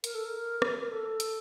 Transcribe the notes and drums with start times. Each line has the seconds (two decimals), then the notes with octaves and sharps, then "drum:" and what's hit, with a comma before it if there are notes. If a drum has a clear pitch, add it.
0.04 A#4, drum: hi-hat
0.15 A4
0.25 A#4
0.62 drum: rim click
0.82 A#4
0.91 A4
1.20 drum: hi-hat